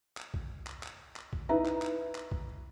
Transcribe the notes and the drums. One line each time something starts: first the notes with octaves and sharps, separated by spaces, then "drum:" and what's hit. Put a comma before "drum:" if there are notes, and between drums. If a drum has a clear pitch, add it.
drum: clap
drum: kick
drum: clap
drum: clap
drum: clap
drum: kick
D#4 E4 B4 E5 A#5
drum: clap
drum: clap
drum: clap
drum: kick